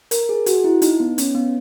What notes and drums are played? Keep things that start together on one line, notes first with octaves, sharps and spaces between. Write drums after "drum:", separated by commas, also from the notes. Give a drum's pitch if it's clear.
A#4, drum: hi-hat
G#4
F#4, drum: hi-hat
E4
D#4, drum: hi-hat
B3
C#4, drum: hi-hat
B3